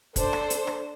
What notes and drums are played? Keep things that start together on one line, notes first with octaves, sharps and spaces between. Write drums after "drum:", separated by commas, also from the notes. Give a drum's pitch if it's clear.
D4 A4 C5, drum: kick, hi-hat
drum: rim click
drum: hi-hat
drum: rim click